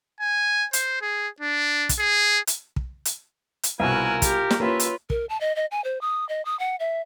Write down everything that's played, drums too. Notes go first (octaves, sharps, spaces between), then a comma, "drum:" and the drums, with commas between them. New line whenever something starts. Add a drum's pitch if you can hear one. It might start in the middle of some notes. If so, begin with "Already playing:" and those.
G#5
C5, drum: hi-hat
G#4
D4
drum: kick, hi-hat
G#4
drum: hi-hat
drum: kick
drum: hi-hat
drum: hi-hat
C2 B2 F4 A#4 G#5 E6 F#6
G4, drum: kick, hi-hat
drum: snare
A#3 C#4 F4 G4 B4 C#5 E5
drum: hi-hat
A#4, drum: kick
A5
D#5
D#5
G#5
C5
D#6
D#5
D#6
F#5
E5